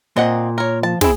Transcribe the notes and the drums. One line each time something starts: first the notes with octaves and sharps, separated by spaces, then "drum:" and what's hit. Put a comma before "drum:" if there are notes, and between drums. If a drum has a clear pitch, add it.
A#2 C4 D#5 F#5
A#4 C#5
F3 A5
C4 E4 G#4, drum: snare